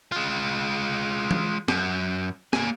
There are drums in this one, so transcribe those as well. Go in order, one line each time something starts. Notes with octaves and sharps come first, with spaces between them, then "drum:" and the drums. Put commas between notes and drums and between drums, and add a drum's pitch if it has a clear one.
G#3 F4
drum: tom E3
F#2, drum: snare
A#3 G#5, drum: snare